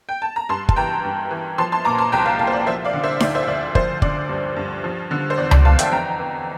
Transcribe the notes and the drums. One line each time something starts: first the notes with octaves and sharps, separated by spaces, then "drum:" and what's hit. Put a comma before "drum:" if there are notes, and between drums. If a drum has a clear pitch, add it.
G5
A5
A#5
G2 A5 C6
A5, drum: kick
E3 G5 A#5
G2
E3
F3 A5 C6
A5 C6
A#2 A#5 D6
A5 C6
C2 G5 A#5
F5 A5
C2 F5 A5
C5
D5
F3 C5 E5
D5 F5
D3
C5 E5
D2 D5, drum: snare D#4
C5 E5
D2 D5
F3 C5, drum: kick
D3 D5, drum: kick
G2
G2
F3
D3
C5
E2 D5
D5, drum: tom C#2
E2 F5 A5
E5 G5, drum: hi-hat
F2 G5 A#5
E3